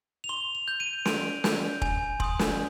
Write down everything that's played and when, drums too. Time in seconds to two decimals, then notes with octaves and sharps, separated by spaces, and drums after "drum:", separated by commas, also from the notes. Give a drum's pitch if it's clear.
0.24 F7
0.29 C6 G7
0.55 F7
0.68 G6
0.80 D#7
1.05 C6 D7, drum: snare
1.44 G6, drum: snare
1.82 G#5, drum: kick
2.20 C6 D#6 G6, drum: kick
2.39 drum: snare